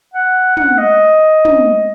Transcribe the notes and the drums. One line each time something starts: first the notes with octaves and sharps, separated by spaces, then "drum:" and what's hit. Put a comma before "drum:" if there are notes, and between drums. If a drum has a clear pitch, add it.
F#5
F#5, drum: tom
D#5
drum: tom